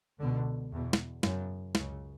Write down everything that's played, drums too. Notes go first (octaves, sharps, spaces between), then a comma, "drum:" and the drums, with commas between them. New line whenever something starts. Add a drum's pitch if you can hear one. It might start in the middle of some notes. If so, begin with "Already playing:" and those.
C#2 B2 D3
E2 B2
drum: snare
F#2 C#3, drum: snare
C#2 C#3, drum: snare